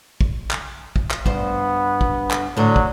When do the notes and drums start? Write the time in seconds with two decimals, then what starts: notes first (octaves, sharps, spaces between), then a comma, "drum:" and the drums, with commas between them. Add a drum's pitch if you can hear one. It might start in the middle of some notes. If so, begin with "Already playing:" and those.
0.21 drum: kick
0.51 drum: clap
0.96 drum: kick
1.11 drum: clap
1.26 G2 B3 C5, drum: kick
2.01 drum: kick
2.31 drum: clap
2.57 A2 D3 F#3
2.76 drum: kick